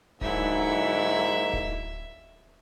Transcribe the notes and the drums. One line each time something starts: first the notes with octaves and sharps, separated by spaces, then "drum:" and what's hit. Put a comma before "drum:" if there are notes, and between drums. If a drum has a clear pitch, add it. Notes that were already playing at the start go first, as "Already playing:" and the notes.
G#2 D3 F#3 A#3 D#4 E4 E5, drum: kick D1
drum: kick D1